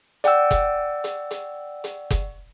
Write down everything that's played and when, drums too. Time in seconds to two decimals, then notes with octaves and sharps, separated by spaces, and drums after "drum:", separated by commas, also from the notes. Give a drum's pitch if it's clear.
0.24 D5 F#5 G5 E6, drum: hi-hat
0.51 drum: kick F#1, hi-hat
1.04 drum: hi-hat
1.31 drum: hi-hat
1.84 drum: hi-hat
2.10 drum: kick F#1, hi-hat